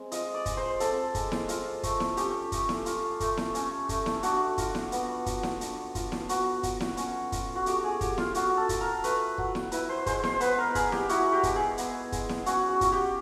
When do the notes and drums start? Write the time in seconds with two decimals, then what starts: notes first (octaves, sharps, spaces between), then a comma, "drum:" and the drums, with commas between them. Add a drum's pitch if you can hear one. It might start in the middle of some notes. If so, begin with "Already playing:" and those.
Already playing: G#3 C4
0.12 F4 D#5, drum: hi-hat
0.34 D5
0.46 G#3, drum: kick, hi-hat
0.57 C5
0.80 C4 A4, drum: hi-hat
1.15 G#3, drum: kick, hi-hat
1.32 drum: snare E4
1.49 F4, drum: hi-hat
1.83 A3, drum: kick, hi-hat
2.00 drum: snare E4
2.17 C#4 G4, drum: hi-hat
2.52 A3, drum: kick, hi-hat
2.69 drum: snare E4
2.86 F4, drum: hi-hat
3.20 A3, drum: kick, hi-hat
3.37 drum: snare E4
3.55 C#4, drum: hi-hat
3.89 A3, drum: kick, hi-hat
4.06 drum: snare E4
4.23 D4 F#4, drum: hi-hat
4.58 F4, drum: kick, hi-hat
4.75 drum: snare E4
4.92 B3, drum: hi-hat
5.26 F#3, drum: kick, hi-hat
5.43 drum: snare E4
5.61 D4, drum: hi-hat
5.95 F4, drum: kick, hi-hat
6.12 drum: snare E4
6.29 B3 F#4, drum: hi-hat
6.63 F#3, drum: kick, hi-hat
6.80 drum: snare E4
6.97 C#4, drum: hi-hat
7.32 F4, drum: kick, hi-hat
7.55 F#4
7.66 A3 G4, drum: hi-hat
7.84 G#4
8.01 F#3 G4, drum: kick, hi-hat
8.18 F4, drum: snare E4
8.35 C#4 F#4, drum: hi-hat
8.57 A4
8.69 F4, drum: kick, hi-hat
8.81 A#4
9.04 A3 B4, drum: hi-hat
9.38 F#3, drum: kick
9.55 drum: snare E4
9.72 E4 B4, drum: hi-hat
9.89 C5
10.06 G#3 C5, drum: kick, hi-hat
10.24 C5, drum: snare E4
10.40 B3 B4, drum: hi-hat
10.58 A#4
10.75 G#3 G#4, drum: kick, hi-hat
10.92 G4, drum: snare E4
11.09 E4 F#4, drum: hi-hat
11.32 G4
11.43 G#3, drum: kick, hi-hat
11.56 G#4
11.78 B3, drum: hi-hat
12.12 G#3, drum: kick, hi-hat
12.29 drum: snare E4
12.46 C#4 F#4, drum: hi-hat
12.69 F#4
12.81 F4, drum: kick, hi-hat
12.92 G4